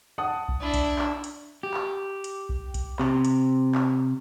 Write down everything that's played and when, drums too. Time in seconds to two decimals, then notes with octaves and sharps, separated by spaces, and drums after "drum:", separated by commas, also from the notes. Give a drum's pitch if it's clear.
0.18 F#5 A5 D#6
0.49 drum: kick B1
0.60 D4 E4
0.74 drum: kick B1, hi-hat
0.99 drum: clap
1.24 drum: hi-hat
1.63 G4
1.74 drum: clap
2.24 drum: hi-hat
2.49 drum: kick B1
2.74 drum: kick B1, hi-hat
2.99 C3, drum: clap
3.25 drum: hi-hat
3.75 drum: clap